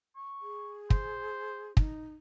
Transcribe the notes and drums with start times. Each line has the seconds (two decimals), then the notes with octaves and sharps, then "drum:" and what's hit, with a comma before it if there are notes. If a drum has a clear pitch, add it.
0.16 C#6
0.42 G#4
0.90 C5, drum: kick
1.77 D#4, drum: kick